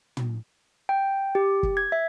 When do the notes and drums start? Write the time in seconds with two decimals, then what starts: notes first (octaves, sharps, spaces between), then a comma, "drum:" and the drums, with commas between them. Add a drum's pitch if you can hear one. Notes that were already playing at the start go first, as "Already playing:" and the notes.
0.17 drum: tom
0.89 G5
1.35 G4
1.63 drum: kick
1.77 G#6
1.92 E5